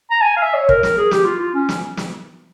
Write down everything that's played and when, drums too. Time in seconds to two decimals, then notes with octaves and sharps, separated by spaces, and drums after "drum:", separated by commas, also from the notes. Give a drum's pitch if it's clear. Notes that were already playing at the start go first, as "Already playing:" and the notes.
0.11 A#5
0.22 G#5
0.37 F5
0.43 E5
0.54 C#5
0.69 A#4, drum: kick
0.83 A#4, drum: snare
0.97 G#4
1.11 G4, drum: snare
1.25 F4
1.40 F4
1.54 C#4
1.69 drum: snare
1.97 drum: snare